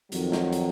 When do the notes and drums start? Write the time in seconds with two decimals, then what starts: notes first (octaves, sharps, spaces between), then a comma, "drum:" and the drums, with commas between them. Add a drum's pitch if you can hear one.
0.12 F2 D#3 F#3, drum: hi-hat
0.32 drum: snare
0.52 drum: hi-hat